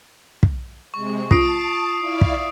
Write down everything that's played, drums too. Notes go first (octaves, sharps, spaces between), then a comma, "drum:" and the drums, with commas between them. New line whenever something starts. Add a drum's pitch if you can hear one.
drum: kick
C3 G#3 C#6
F4 A5 D#6 C7 D7, drum: kick
E4 D5 F5
drum: kick